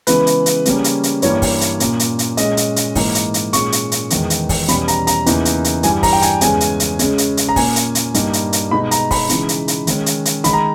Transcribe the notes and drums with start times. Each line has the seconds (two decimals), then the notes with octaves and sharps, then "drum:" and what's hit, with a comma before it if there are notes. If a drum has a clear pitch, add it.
0.07 C#3 E3 G#3 B3 B4, drum: hi-hat
0.27 drum: hi-hat
0.46 drum: hi-hat
0.65 C#3 G3 A#3 C#4, drum: hi-hat
0.84 drum: hi-hat
1.03 drum: hi-hat
1.22 G2 E3 G3 A#3 C#5, drum: hi-hat
1.42 drum: kick, open hi-hat
1.61 drum: hi-hat
1.80 A#2 A#3 C#4, drum: hi-hat
1.99 drum: hi-hat
2.19 drum: hi-hat
2.37 A#2 G#3 C#4 D#5, drum: hi-hat
2.57 drum: hi-hat
2.76 drum: hi-hat
2.95 G#2 E3 A#3 D#4, drum: kick, open hi-hat
3.15 drum: hi-hat
3.34 drum: hi-hat
3.53 A#2 G#3 C#4 C#6, drum: hi-hat
3.72 drum: hi-hat
3.92 drum: hi-hat
4.10 E2 D#3 G#3, drum: hi-hat
4.30 drum: hi-hat
4.49 drum: kick, open hi-hat
4.68 E2 B2 G3 C#4 B5, drum: hi-hat
4.88 A#5, drum: hi-hat
5.07 A#5, drum: hi-hat
5.26 E2 C#3 E3 A#3 D#4, drum: hi-hat
5.45 drum: hi-hat
5.64 drum: hi-hat
5.83 G2 E3 G3 G#5, drum: hi-hat
6.03 A#5, drum: kick, open hi-hat
6.13 G5
6.22 G#5, drum: hi-hat
6.41 E2 C#3 G#3 C#4 G#5, drum: hi-hat
6.60 drum: hi-hat
6.80 drum: hi-hat
6.99 C#3 G#3 C#4, drum: hi-hat
7.18 drum: hi-hat
7.37 drum: hi-hat
7.49 A#5
7.56 A#2 A#3 C#4 G#5, drum: kick, open hi-hat
7.76 drum: hi-hat
7.95 drum: hi-hat
8.14 G2 G3 A#3 D#4, drum: hi-hat
8.33 drum: hi-hat
8.53 drum: hi-hat
8.71 B2 G#3 D#4 B5
8.91 A#5, drum: hi-hat
9.11 B5, drum: kick, open hi-hat
9.29 C#3 E3 G#3 D#4, drum: hi-hat
9.49 drum: hi-hat
9.68 drum: hi-hat
9.87 D#3 G#3 C#4, drum: hi-hat
10.06 drum: hi-hat
10.25 drum: hi-hat
10.44 D#3 G#3 D#4 B5, drum: hi-hat
10.53 A#5